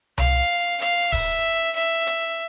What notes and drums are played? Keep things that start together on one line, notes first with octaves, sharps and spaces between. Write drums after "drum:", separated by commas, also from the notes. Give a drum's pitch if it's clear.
F5, drum: tom C2
F5, drum: hi-hat
E5, drum: kick D1, open hi-hat
E5
drum: hi-hat